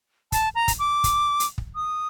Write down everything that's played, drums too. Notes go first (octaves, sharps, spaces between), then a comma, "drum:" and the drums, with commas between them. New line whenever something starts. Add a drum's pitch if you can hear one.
A5, drum: kick, hi-hat
A#5
drum: kick, hi-hat
D6
drum: kick, hi-hat
drum: hi-hat
drum: kick
D#6